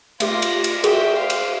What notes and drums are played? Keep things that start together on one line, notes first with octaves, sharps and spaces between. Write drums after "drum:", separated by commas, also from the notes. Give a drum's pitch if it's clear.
A3 F4 G4 A#6, drum: cymbal
drum: cymbal
drum: cymbal
F#4 G#4 E5 G5, drum: cymbal
C5 F5
drum: cymbal